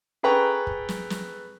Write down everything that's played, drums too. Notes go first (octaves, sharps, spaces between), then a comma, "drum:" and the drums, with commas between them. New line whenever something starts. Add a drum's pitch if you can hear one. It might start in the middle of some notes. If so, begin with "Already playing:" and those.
G#4 A4 B4 G5 A#5 C#6
drum: kick
drum: snare
drum: snare